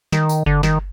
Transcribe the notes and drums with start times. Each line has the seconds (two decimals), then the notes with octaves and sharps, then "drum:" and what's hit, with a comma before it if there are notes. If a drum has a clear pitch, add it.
0.12 D#3, drum: snare
0.29 drum: tambourine
0.46 D3, drum: kick G1
0.63 D#3, drum: snare